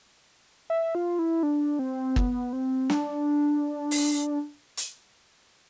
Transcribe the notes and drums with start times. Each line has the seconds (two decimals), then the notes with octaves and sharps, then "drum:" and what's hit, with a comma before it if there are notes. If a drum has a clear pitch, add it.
0.70 E5
0.95 F4
1.19 E4
1.43 D4
1.79 C4
2.16 B3, drum: kick
2.53 C4
2.90 D4, drum: snare
3.91 drum: open hi-hat
4.77 drum: hi-hat